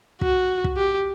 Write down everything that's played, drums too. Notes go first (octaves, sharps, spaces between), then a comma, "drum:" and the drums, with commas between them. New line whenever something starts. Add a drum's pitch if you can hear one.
F#4, drum: kick
drum: kick
G4